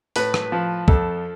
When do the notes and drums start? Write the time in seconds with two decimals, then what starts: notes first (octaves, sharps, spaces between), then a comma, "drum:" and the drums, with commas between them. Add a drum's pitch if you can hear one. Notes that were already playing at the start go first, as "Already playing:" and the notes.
0.16 A2 B4, drum: open hi-hat
0.34 drum: rim click
0.52 F3
0.88 F2 A4, drum: kick